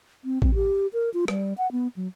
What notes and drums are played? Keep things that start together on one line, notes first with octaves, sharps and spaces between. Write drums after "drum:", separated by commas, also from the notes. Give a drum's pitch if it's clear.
C4
C4, drum: kick A1
G4
A#4
F4
G3, drum: rim click
F#5
B3
F#3